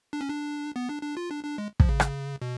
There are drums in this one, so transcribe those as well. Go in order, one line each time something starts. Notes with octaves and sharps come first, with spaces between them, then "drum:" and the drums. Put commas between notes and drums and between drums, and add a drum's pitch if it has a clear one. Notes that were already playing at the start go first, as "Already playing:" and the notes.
D4
C#4
D4
B3
D4
D4
F4
D4
D4
G#3
F3, drum: kick
C#3
drum: rim click
B2